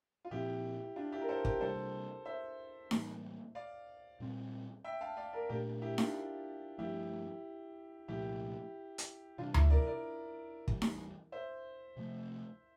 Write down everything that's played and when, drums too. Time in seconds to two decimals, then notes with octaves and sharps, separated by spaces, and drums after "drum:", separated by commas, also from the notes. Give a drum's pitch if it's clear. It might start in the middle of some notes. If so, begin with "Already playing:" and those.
0.25 F4
0.31 A#2 F3 C4 E4 G4
0.96 D4 F4
1.12 E4 G4
1.21 A#4
1.29 A4 C5
1.45 G4 A#4, drum: kick
1.60 C3 G3 D4 A4 C5
2.25 C5 E5
2.91 A2 E3 G3 A#3, drum: snare D#4
3.55 D5 F5
4.20 A#2 G3 C4
4.84 E5 G5
5.01 F5 A5
5.17 D5 F5
5.33 A#4 D5
5.49 A#2 A3 D4 G4 A#4
5.82 E4 G4
5.98 D4 F4, drum: snare D#4
6.78 G2 F3 A3 E4 G4
8.08 C2 A#2 F3 A3 E4 G4
8.98 drum: hi-hat
9.38 C3 E3 G3 D4 F4
9.54 E4, drum: tom D2
9.70 A#4 D5
9.87 A#4 D5
10.68 E2 E3 G3, drum: kick
10.82 drum: snare D#4
11.32 C5 E5
11.96 C3 F3 A3